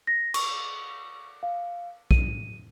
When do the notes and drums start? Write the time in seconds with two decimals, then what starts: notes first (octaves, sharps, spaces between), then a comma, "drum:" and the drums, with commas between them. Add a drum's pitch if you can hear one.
0.07 A#6
0.34 C#6, drum: cymbal
1.43 F5
2.11 D#7, drum: kick